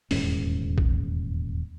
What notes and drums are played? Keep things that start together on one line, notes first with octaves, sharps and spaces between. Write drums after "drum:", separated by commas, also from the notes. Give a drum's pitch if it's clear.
D#1 E2 G#2 C#4, drum: open hi-hat
drum: kick A#1